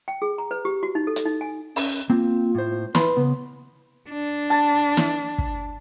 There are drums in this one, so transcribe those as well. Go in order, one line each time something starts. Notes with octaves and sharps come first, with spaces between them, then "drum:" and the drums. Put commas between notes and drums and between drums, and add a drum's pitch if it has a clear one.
G5
G#4
A#5
B4
G4
F#4
D#4
A4
drum: hi-hat
D#4
G#5
C#4, drum: open hi-hat
A#3 C4 F4
A2 C5
B4 B5 C6, drum: snare
C#3 B3
D4
A5
drum: snare
drum: kick